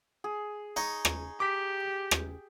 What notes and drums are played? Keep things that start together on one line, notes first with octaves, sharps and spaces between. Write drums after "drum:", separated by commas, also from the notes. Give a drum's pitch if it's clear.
G#4
D#4 C#5 D#5
drum: rim click
G4 D6 B6
drum: rim click